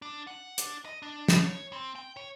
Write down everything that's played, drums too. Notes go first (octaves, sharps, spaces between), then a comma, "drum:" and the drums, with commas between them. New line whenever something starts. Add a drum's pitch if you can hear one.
D4
F#5
D4, drum: hi-hat
D#5
D4
drum: snare
C#5
C4
G5
C#5